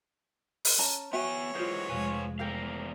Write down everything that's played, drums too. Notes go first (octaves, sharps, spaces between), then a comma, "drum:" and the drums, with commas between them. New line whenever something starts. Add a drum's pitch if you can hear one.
drum: open hi-hat
C#4 A5 A#5
B3 F#4 C#5 E5 G5 G#5
E3 F#3 G#3 F4 C5
F1 F3 G#3 F4 B4 G#5
E2 A4 A#4 C5 F5 G5